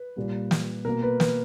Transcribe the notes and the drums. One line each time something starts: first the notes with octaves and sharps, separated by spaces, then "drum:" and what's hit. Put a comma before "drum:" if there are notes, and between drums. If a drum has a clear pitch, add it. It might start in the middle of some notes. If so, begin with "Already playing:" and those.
Already playing: B4
A#2 G3 A#3
drum: snare
B2 A#3 A#4
B4
B4, drum: snare